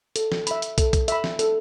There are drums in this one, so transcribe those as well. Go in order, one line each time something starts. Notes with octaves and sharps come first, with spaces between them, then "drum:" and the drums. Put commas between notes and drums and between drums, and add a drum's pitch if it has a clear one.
A4, drum: hi-hat
drum: snare
E5 B5, drum: hi-hat
drum: hi-hat
A4, drum: kick, hi-hat
drum: kick, hi-hat
E5 B5, drum: hi-hat
drum: snare
A4, drum: hi-hat